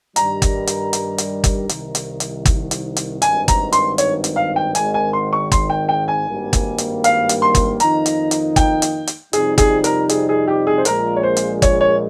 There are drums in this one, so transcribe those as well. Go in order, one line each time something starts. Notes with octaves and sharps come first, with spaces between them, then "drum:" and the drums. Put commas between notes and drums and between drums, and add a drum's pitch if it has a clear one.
G2 D#3 G3 A#5, drum: hi-hat
drum: kick, hi-hat
drum: hi-hat
drum: hi-hat
drum: hi-hat
drum: kick, hi-hat
C2 C3 D#3, drum: hi-hat
drum: hi-hat
drum: hi-hat
drum: kick, hi-hat
drum: hi-hat
drum: hi-hat
G#1 G2 D#3 G#5, drum: hi-hat
A#5, drum: kick, hi-hat
C6, drum: hi-hat
C#5, drum: hi-hat
drum: hi-hat
F5
G5
G#1 G#2 D#3 G#5, drum: hi-hat
G#5
C6
C#6
C6, drum: kick, hi-hat
G5
G5
G#5
G#1 G2 D#3 G3 A#3
drum: kick, hi-hat
drum: hi-hat
F5, drum: hi-hat
drum: hi-hat
C6
drum: kick, hi-hat
F2 D#3 A#3 D#4 A#5, drum: hi-hat
drum: hi-hat
drum: hi-hat
G5, drum: kick, hi-hat
drum: hi-hat
drum: hi-hat
F2 C3 G3 C4 D#4 G#4, drum: hi-hat
G#4, drum: kick, hi-hat
A#4, drum: hi-hat
G#4, drum: hi-hat
G#4
G4
G#4
C5
A#1 A#2 G#3 A#4, drum: hi-hat
C#5
C5
drum: hi-hat
C#5, drum: kick, hi-hat
C#5